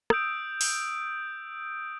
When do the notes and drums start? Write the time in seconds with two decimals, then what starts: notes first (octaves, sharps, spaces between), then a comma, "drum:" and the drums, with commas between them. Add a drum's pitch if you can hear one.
0.10 D#6 E6 G6 D7, drum: rim click
0.61 drum: open hi-hat